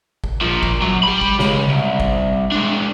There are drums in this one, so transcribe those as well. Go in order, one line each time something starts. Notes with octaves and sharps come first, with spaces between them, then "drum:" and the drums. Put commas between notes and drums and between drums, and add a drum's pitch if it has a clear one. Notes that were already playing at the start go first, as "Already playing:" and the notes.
drum: kick
A#2 F3
drum: kick
F#2 F#3
G4 B5
drum: kick
C#3 G#3, drum: snare
C2
drum: kick
G#3 D4